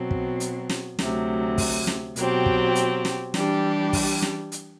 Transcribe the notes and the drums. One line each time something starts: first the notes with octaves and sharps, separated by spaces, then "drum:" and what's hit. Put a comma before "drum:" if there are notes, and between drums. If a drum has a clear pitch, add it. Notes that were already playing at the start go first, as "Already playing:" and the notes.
Already playing: B2 F#3 C4
drum: kick
drum: hi-hat
drum: snare
D2 C3 F#3, drum: snare
drum: kick, open hi-hat
drum: snare
B2 F#3 C4 G4, drum: hi-hat
drum: kick
drum: hi-hat
drum: snare
E3 G3 D4 G4, drum: snare
drum: kick, open hi-hat
drum: snare
drum: hi-hat